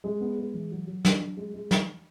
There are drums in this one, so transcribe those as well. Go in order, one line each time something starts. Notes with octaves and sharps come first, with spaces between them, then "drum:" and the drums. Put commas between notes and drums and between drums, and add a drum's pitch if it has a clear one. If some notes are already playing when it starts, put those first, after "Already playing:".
G#3
B3
G#3
E3
F#3
F#3
D3, drum: snare
F#3
G#3
G#3
drum: snare